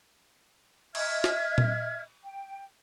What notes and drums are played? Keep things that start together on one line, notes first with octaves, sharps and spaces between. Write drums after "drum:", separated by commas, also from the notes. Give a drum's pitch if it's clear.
D#5 E5 F6 G#6, drum: cymbal
drum: snare
drum: tom A#2
G5